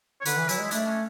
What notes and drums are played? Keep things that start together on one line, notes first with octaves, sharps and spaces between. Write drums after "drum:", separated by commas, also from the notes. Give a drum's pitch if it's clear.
C#5
D3 B4, drum: hi-hat
E3
F#3 E4, drum: hi-hat
G#3 E4
A3 D4, drum: hi-hat
C#4